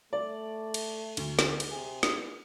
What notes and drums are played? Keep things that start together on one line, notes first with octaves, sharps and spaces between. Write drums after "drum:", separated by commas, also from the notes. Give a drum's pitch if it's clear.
A3 D5
drum: cymbal
D2, drum: cymbal
drum: snare
drum: cymbal
C3 G#4
drum: snare